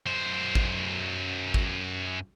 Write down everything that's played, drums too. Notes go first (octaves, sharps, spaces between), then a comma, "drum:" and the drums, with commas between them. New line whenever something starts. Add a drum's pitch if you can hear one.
F#2 C5
drum: kick G#1
drum: kick G#1